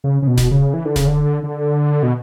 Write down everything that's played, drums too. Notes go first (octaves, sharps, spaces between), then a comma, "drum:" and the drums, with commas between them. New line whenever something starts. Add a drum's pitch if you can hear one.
C#3
C#3
B2
drum: snare D#1
C#3
E3
D3
C#3, drum: snare D#1
D3
D3
B2